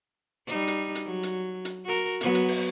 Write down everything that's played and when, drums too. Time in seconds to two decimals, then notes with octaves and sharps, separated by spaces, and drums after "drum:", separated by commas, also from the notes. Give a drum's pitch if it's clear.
0.47 G3 D#4
0.67 drum: hi-hat
0.95 drum: hi-hat
1.06 F#3
1.23 drum: hi-hat
1.65 drum: hi-hat
1.85 F#4 A#4
2.21 F#3 B3, drum: hi-hat
2.35 drum: hi-hat
2.48 drum: open hi-hat